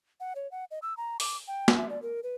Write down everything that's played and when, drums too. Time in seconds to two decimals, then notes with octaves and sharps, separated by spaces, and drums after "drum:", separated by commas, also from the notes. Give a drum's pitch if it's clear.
0.20 F#5
0.35 C#5
0.51 F#5
0.71 D#5
0.82 E6
0.97 A#5
1.20 D6, drum: open hi-hat
1.48 G5
1.68 drum: snare
1.77 E5
1.89 D5
2.02 A#4
2.23 B4